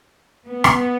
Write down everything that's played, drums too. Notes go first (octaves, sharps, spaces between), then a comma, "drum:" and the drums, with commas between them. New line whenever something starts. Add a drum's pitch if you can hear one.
B3
drum: rim click